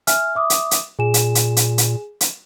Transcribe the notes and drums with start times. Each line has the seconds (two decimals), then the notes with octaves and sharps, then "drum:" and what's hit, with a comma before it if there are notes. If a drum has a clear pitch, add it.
0.07 E5 G#5 F6, drum: hi-hat
0.35 E5 D6 D#6
0.50 drum: hi-hat
0.71 drum: hi-hat
0.99 A#2 G#4 G#5 E7
1.14 drum: hi-hat
1.35 drum: hi-hat
1.57 drum: hi-hat
1.78 drum: hi-hat
2.21 drum: hi-hat